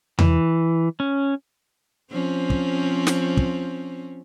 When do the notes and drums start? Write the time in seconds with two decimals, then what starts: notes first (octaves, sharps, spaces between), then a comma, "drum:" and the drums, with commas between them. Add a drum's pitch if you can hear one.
0.19 E3, drum: tom E2
1.00 C#4
2.12 F3 C4 C#4
2.50 drum: kick
3.07 drum: snare
3.37 drum: kick